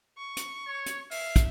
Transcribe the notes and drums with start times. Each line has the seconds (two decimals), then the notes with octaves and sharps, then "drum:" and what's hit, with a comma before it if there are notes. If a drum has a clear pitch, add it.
0.18 C#6
0.37 drum: hi-hat
0.67 C#5
0.86 drum: hi-hat
1.11 E5 F5, drum: open hi-hat
1.36 drum: kick, hi-hat